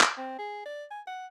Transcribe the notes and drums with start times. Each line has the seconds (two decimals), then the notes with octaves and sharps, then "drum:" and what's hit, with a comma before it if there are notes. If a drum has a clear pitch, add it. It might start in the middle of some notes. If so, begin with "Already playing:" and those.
0.01 D6, drum: clap
0.18 C4
0.39 G#4
0.66 D5
0.91 G#5
1.07 F#5